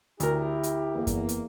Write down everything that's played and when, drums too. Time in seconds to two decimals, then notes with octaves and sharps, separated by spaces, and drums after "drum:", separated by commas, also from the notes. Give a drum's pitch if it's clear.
0.20 D2 E4 G4 A#4, drum: hi-hat
0.63 drum: hi-hat
0.94 E2 A#3
1.07 drum: kick F#2, hi-hat
1.29 drum: hi-hat